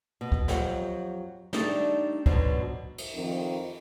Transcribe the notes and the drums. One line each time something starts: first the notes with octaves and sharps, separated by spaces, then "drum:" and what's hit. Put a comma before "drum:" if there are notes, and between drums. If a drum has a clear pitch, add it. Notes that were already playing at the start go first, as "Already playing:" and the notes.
B2
drum: kick
F2 F#3 G4 F#5, drum: snare
G3 A3 C4 D4 D#4 D5, drum: snare
G#2 B2 D3 F#3 B3, drum: kick
drum: cymbal
F2 D#3